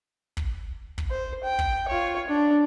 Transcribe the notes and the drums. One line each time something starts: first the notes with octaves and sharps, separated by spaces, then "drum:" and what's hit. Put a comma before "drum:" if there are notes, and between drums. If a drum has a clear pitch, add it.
drum: kick
drum: kick
C5
G5
drum: kick
F4 C#5
D4